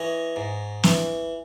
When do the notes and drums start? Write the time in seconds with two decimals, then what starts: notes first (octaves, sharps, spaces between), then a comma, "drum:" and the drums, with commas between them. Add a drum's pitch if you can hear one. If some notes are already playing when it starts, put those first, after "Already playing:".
Already playing: E3 C#5 D#5
0.36 G#2
0.83 E3, drum: snare